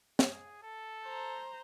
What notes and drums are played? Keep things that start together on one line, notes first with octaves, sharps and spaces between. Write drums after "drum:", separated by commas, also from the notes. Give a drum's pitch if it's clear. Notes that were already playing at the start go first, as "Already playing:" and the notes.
G#4, drum: snare
A4
C5 A#5